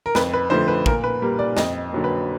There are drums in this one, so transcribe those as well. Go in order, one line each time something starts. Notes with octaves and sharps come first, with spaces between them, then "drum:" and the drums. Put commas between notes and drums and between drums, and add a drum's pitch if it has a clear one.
A#4
F2 B4, drum: snare
B4
D3 F3 A3 C5
B4
A#2 A#4, drum: kick
B4
G3 A#3
D5
F2 D#5, drum: snare
D3 F#3 A#3
B4